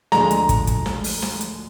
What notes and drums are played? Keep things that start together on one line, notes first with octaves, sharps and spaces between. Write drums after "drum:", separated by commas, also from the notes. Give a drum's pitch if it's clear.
D2 D3 F3 G#3 A#5, drum: snare
drum: hi-hat
drum: kick, hi-hat
drum: kick, hi-hat
drum: snare
drum: open hi-hat
drum: snare
drum: hi-hat